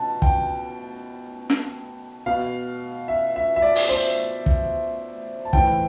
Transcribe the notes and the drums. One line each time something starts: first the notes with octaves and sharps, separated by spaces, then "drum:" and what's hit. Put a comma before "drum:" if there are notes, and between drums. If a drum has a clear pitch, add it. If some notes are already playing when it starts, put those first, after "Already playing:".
Already playing: B2 A5
G5, drum: kick
drum: snare
B2 F5
E5
E5
E5
D5
drum: open hi-hat
C5
drum: kick
A5
A2 E3 G5, drum: kick